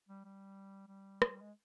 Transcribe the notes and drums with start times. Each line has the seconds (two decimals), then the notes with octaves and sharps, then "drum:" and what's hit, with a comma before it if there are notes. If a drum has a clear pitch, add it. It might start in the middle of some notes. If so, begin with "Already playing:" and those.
0.09 G3
0.24 G3
0.87 G3
1.22 F#3, drum: rim click
1.30 G3
1.41 G#3